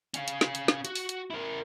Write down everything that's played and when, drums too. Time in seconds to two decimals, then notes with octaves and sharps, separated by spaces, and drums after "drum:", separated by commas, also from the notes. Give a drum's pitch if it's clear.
0.14 C#4 F5, drum: hi-hat
0.28 drum: hi-hat
0.41 drum: snare
0.55 drum: hi-hat
0.68 drum: snare
0.85 F#4, drum: hi-hat
0.95 drum: open hi-hat
1.09 drum: hi-hat
1.31 E4 A#4